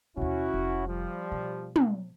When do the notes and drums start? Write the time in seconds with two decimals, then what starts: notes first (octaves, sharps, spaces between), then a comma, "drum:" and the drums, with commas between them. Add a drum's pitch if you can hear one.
0.17 D#2 B2 C#4 E4 F#4
0.54 F1
0.87 F3 G3
1.32 B2
1.76 drum: tom